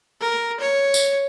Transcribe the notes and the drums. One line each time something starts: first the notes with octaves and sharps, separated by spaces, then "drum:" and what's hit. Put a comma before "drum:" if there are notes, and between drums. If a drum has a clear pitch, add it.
A#4
C#5
drum: tambourine